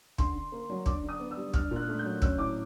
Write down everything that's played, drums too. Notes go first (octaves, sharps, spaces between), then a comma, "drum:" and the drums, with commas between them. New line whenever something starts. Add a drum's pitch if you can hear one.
D3 C6, drum: kick
D3
A#3
F#3
D4 D6, drum: kick
D3
D#6
B3
E6
G3
D4 F6, drum: kick
A#2 F#6
A3
G6
F#3
C#4 E6, drum: kick
A2 D6